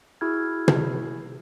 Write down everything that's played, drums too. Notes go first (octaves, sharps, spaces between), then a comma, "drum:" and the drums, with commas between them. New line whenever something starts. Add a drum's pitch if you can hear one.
E4 F#4 G#4 E6 F6 G#6
drum: tom